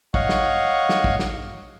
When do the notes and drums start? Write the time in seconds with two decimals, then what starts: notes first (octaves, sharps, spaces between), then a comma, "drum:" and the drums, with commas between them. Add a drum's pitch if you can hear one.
0.14 C#5 D#5 F5 F#5 C#6, drum: kick
0.29 drum: snare
0.89 drum: snare
1.04 drum: kick
1.19 drum: snare